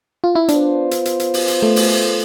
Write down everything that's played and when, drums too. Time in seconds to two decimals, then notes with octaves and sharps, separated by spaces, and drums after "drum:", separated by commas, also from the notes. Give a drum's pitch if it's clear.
0.24 F4
0.35 E4
0.48 B3 D4 F4 C5, drum: hi-hat
0.91 drum: hi-hat
1.05 drum: hi-hat
1.20 drum: hi-hat
1.34 drum: open hi-hat
1.48 drum: hi-hat
1.63 A3
1.76 drum: open hi-hat